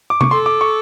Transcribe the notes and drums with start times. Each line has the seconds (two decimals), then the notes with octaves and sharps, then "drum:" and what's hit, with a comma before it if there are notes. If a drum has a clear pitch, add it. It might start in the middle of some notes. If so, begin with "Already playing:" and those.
0.10 D6
0.21 C#6, drum: tom C3
0.31 A4 C6
0.46 D6
0.61 C#6